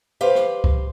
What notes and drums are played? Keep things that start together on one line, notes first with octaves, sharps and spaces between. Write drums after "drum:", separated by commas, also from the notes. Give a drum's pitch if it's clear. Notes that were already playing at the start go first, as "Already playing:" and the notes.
G4 B4 C5 F5
drum: rim click
drum: kick C#2